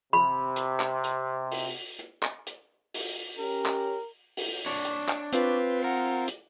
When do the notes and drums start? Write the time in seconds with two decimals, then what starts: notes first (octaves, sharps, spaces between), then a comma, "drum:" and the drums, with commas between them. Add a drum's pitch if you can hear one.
0.13 C3 B5
0.56 drum: hi-hat
0.80 drum: clap
1.04 drum: hi-hat
1.52 drum: open hi-hat
1.99 drum: hi-hat
2.23 drum: clap
2.47 drum: hi-hat
2.94 drum: open hi-hat
3.39 C#4 G4 A#4
3.66 drum: clap
4.37 drum: open hi-hat
4.66 D4 C#5
4.85 drum: hi-hat
5.09 drum: clap
5.33 C4 F4 B4, drum: hi-hat
5.84 A#4 F#5
6.28 drum: hi-hat